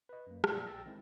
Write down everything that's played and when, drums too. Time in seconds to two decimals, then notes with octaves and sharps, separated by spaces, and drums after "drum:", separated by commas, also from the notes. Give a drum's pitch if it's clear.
0.09 B4 D#5
0.27 F#2 A#3
0.44 A#2 F3 A#3 G#4 D5 E6, drum: rim click
0.67 A#1 G5 E6 A6 A#6
0.86 D#3 G#3 C4 D#4 E4